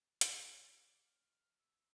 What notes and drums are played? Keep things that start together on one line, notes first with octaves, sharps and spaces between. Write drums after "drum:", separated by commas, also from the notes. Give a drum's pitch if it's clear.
B5, drum: hi-hat
F#4
D6
F6
E6